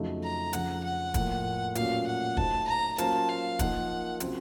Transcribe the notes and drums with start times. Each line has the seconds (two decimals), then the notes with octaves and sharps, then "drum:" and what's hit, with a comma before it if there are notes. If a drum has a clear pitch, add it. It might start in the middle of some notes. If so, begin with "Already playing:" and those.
Already playing: F2 C#3 F#3 A3 D#4
0.23 A#5
0.53 F2 C#3 F3 F#5, drum: hi-hat
0.84 F#5
1.14 A2 F3 A#3, drum: kick, hi-hat
1.75 A#2 F#3 A3 C#4 F5, drum: hi-hat
2.07 F#5
2.37 A3 D#4 F#4 C5 A5, drum: kick
2.67 A#5
2.98 F#3 A#3 C#4 F4 C5 A5, drum: hi-hat
3.29 F5
3.59 F3 A#3 D#4 A#4 F#5, drum: kick, hi-hat
4.20 C#3 F#3 C4 F4 A#4, drum: hi-hat